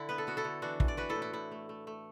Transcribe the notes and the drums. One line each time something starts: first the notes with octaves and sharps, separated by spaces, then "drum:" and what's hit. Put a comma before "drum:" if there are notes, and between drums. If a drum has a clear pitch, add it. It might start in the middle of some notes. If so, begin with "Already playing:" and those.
Already playing: D3 E4
B3 B4
A4
B3 F#4
E4 A4
D3
E3 D4 F#4
E3, drum: kick
D5
E3 F#4 B4
E4 A4
A2
E4
A2 E4
A3
A3
A3